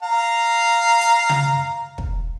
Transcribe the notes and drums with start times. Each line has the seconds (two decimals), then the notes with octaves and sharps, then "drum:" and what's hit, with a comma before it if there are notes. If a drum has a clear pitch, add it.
0.03 F5 A#5
1.01 drum: hi-hat
1.29 drum: tom C#3
1.98 drum: kick